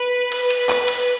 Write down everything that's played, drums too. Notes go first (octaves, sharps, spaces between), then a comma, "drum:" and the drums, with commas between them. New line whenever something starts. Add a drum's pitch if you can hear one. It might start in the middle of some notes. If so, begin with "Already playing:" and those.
Already playing: B4
B4, drum: cymbal
drum: cymbal
drum: clap
drum: cymbal